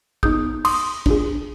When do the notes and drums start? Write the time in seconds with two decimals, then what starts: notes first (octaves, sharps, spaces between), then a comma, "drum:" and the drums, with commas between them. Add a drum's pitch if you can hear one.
0.23 B3 D#4 G#4 D#6 G6, drum: kick
0.65 C6 D#6, drum: cymbal
1.06 D4 F4 G#4, drum: kick